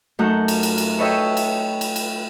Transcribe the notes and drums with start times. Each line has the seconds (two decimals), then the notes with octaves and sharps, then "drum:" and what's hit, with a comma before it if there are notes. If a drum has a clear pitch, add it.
0.19 F#2 A3 D#4 F#5 A5 G6
0.48 drum: cymbal
0.63 drum: cymbal
0.78 drum: cymbal
0.98 A4 B4 C#5 D#5 E5 G5
1.37 drum: cymbal
1.81 drum: cymbal
1.96 drum: cymbal